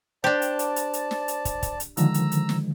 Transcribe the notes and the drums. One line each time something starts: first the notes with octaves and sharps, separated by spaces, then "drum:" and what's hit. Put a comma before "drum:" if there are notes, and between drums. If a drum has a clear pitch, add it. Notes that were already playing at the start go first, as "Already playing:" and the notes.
D4 G4 C5 D5 A5
drum: hi-hat
drum: hi-hat
drum: hi-hat
drum: hi-hat
drum: snare
drum: hi-hat
drum: kick, hi-hat
drum: kick, hi-hat
drum: hi-hat
D3 D#3 F3 G#3 A#5 E6, drum: hi-hat
drum: hi-hat
drum: hi-hat
drum: snare